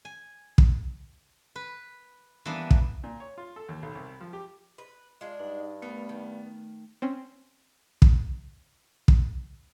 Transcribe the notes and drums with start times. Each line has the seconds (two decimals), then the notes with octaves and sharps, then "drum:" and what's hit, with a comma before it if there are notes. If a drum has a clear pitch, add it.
0.05 G#5
0.58 drum: kick
1.56 B4
2.46 E3 G3 A#3 B3 D4
2.71 drum: kick
3.04 A#2
3.20 C#5
3.38 F4
3.56 A4
3.69 D#2
3.82 B1
3.95 C2
4.21 F3
4.33 G4
4.78 B4
5.21 G#3 D4 F4
5.39 G2 D#4 F#5
5.82 A3 B3 A#4
6.09 D#3
7.02 C4 C#4
8.02 drum: kick
9.08 drum: kick